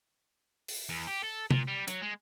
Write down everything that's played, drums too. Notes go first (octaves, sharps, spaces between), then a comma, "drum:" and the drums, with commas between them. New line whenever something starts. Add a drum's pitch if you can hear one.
drum: open hi-hat
E2
G4
A4
A#2, drum: tom C3
G3
F#3, drum: hi-hat
G#3